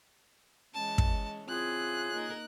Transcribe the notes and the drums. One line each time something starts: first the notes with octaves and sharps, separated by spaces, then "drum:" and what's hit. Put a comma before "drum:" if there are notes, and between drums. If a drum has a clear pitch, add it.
E3 G#3 C#4 A5
drum: kick
C#3 C4 E4 F4 G#4 F#6
A#3 D#4 A#4